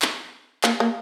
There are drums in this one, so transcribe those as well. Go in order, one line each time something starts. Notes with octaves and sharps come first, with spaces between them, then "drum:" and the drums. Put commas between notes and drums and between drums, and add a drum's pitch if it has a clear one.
drum: clap
A#3, drum: clap
A#3